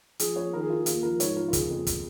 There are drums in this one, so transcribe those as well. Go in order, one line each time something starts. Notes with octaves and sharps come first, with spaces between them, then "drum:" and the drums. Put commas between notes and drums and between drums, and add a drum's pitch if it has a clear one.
F3 G#4, drum: hi-hat
F3 C#5
D#3 A#4
G#4
D#3 F4
D#2 F4, drum: hi-hat
F3 A#4
G#2 C#5, drum: hi-hat
F3 A#4
F4
C#3 G#4, drum: kick, hi-hat
F2
drum: kick, hi-hat